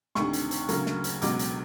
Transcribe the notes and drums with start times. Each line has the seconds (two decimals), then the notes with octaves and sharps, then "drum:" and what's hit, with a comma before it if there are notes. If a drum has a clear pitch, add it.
0.15 D2 C3 D#3 C#6, drum: snare
0.33 drum: hi-hat
0.51 drum: hi-hat
0.69 D2 C#3 F#3 A#3, drum: hi-hat
0.86 drum: snare
1.04 drum: hi-hat
1.22 C#2 B2 F#3 D6, drum: hi-hat
1.39 drum: hi-hat